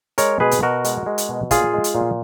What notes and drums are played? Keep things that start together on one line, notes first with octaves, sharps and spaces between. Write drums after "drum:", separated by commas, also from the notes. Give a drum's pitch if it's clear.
G#3 A#4 C#5, drum: hi-hat
B2 G#4 B4
drum: hi-hat
B2 F#4 A#4
G#3, drum: hi-hat
G#3
drum: hi-hat
B2
A#2 F4 G#4, drum: kick, hi-hat
G#3
drum: hi-hat
A#2